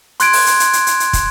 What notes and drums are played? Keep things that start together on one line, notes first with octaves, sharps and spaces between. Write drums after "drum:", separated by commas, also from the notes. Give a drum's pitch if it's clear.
C6 F#6 G#6 D7, drum: hi-hat
drum: open hi-hat
drum: hi-hat
drum: hi-hat
drum: hi-hat
drum: hi-hat
drum: hi-hat
drum: kick, hi-hat